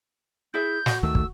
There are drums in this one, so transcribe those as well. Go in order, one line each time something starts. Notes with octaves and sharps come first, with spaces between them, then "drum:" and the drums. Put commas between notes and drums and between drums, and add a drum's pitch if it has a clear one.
E4 G#4 E5 G6
F#4, drum: snare
D2 D#3 A3 E6
drum: kick